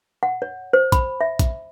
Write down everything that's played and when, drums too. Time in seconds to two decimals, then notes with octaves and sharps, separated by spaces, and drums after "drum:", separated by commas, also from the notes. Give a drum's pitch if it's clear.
0.23 F#5
0.42 C#5
0.73 C5
0.92 B5, drum: kick A#1, hi-hat
1.21 E5
1.39 drum: kick A#1, hi-hat